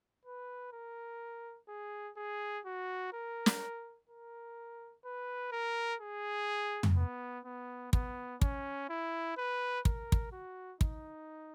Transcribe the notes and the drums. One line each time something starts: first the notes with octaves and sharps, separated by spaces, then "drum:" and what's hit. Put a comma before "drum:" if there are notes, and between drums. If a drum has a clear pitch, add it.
B4
A#4
G#4
G#4
F#4
A#4
drum: snare
A#4
B4
A#4
G#4
drum: tom
B3
B3
B3, drum: kick
C#4, drum: kick
E4
B4
A#4, drum: kick
drum: kick
F#4
D#4, drum: kick